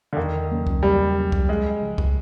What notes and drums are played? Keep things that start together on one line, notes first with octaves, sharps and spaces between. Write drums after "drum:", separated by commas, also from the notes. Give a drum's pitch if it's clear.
D3
E2 D#3
C#3 F#3 A#3 C#4
drum: kick C2
E2 G3
C#3 F#3 A#3 C#4
drum: kick C2
C#2 G#3
C#3 F3
drum: kick C2